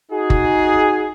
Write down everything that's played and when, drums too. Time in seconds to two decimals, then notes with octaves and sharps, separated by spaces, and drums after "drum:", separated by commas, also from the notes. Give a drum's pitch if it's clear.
0.12 D#4 F#4 G#4
0.30 drum: kick F#1